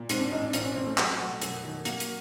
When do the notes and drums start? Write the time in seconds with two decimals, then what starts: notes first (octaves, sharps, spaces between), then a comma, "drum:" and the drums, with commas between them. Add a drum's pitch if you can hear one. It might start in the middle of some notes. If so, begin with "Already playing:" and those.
Already playing: A#2
0.09 G#2 C4, drum: hi-hat
0.20 D4
0.31 A1 D#4
0.42 D4
0.53 A1 C4, drum: hi-hat
0.64 C#4
0.75 A1 C4
0.87 A3
0.98 F#3, drum: clap
1.20 F#3
1.42 F#2, drum: hi-hat
1.63 D#3
1.85 F#3 A#3, drum: hi-hat
2.00 drum: hi-hat